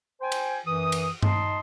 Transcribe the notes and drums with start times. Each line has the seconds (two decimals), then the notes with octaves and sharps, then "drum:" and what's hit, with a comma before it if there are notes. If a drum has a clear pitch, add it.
0.21 C5 G5 G#5
0.32 drum: cymbal
0.66 F#2 E3 D#6
0.92 drum: cymbal
1.22 D#4 D#5 A5 C6, drum: tom G2